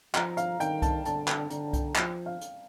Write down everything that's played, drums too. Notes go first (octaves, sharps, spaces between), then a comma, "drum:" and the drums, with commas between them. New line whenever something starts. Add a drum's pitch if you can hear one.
F3 A#5, drum: clap
F5, drum: hi-hat
D#3 G5, drum: hi-hat
A5, drum: kick C2, hi-hat
D3 A5, drum: hi-hat
G5, drum: clap
D3 A#5, drum: hi-hat
G5, drum: kick C2, hi-hat
F3 G5, drum: clap
F5
drum: hi-hat